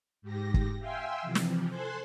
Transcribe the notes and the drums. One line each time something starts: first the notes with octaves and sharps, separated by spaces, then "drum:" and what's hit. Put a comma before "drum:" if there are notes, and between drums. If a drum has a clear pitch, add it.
G#2 G4 A#6
drum: kick
E5 F5 G5 G#5 C6 E6
C3 E3 F3
drum: snare
A4 C5 G#5 C6 F#6 G#6